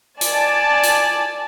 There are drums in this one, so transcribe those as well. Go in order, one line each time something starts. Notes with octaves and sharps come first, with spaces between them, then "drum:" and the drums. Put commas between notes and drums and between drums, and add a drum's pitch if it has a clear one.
D5 G#5 A5, drum: hi-hat
drum: hi-hat